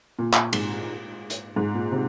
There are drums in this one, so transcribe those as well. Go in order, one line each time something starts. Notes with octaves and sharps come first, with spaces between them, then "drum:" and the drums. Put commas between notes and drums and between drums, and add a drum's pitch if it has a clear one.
A#2
drum: clap
G#2, drum: cymbal
drum: hi-hat
G#2
A#2
C3